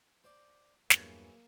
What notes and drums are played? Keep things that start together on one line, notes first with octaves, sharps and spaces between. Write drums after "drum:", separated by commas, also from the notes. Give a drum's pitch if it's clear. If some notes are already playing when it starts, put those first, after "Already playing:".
C5 D5
E2 G2 E3 F#3 A#3 G#4, drum: snare